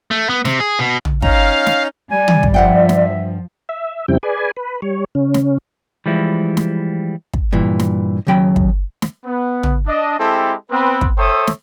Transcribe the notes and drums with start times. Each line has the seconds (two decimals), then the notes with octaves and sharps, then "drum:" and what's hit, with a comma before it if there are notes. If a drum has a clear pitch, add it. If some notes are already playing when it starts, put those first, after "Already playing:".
0.11 A3
0.29 B3
0.45 C3, drum: snare
0.60 G#4
0.79 B2
1.05 drum: tom
1.22 C#4 D#4 F5 A#5, drum: kick
1.66 drum: snare
2.11 G3 D5 G#5
2.28 drum: tom
2.43 drum: kick
2.54 G2 F3 E5 F#5 G5
2.89 drum: snare
3.69 E5
4.08 F2 C#3 G3 C4 E4 G5
4.23 G#4 B4 D5 G#5
4.57 B4
4.82 G3 C#5
5.15 C#3 C#4
5.34 drum: snare
6.06 E3 F3 G3 G#3 E4
6.57 drum: snare
7.34 drum: kick
7.53 G2 A#2 E3
7.79 drum: snare
8.27 D#2 C#3 F#3 G5 B5
8.56 drum: kick
9.02 drum: snare
9.25 B3
9.63 drum: tom
9.87 D4 D#5
10.19 G#3 C4 E4 G4 A4
10.71 B3 C4 B4
11.01 drum: kick
11.18 A4 C5 C#5 E5 G5 D#6
11.47 drum: snare